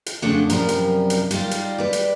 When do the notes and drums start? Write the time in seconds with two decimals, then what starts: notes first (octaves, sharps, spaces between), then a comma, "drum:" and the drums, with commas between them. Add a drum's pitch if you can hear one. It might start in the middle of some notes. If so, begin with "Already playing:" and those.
0.06 drum: hi-hat
0.22 F2 C#3 A3 D4 F#4 F#5
0.50 F#2 C3 F3 G3 A#4, drum: hi-hat
0.69 drum: hi-hat
1.10 drum: hi-hat
1.31 G3 D#4 F4, drum: hi-hat
1.51 drum: hi-hat
1.78 G3 B4 D5
1.93 drum: hi-hat